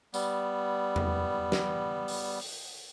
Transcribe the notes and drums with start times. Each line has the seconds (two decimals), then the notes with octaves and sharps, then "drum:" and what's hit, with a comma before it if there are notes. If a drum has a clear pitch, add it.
0.14 G3 B3, drum: tambourine
0.96 drum: tom E2
1.52 drum: snare
2.08 drum: open hi-hat
2.40 drum: open hi-hat